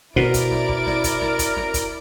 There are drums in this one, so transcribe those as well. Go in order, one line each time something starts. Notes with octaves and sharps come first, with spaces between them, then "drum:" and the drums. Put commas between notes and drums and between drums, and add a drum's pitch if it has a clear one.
B2 E4 F#4 A#4 C5 D5 D7, drum: snare
drum: kick, hi-hat
drum: snare
drum: kick
drum: snare
drum: kick, hi-hat
drum: snare
drum: kick, hi-hat
drum: snare
drum: kick, hi-hat